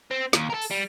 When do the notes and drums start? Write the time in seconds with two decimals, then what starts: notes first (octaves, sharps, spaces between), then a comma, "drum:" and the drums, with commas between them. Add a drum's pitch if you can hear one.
0.11 C4
0.33 D#2, drum: snare
0.50 A4 A#4
0.62 drum: open hi-hat
0.71 G3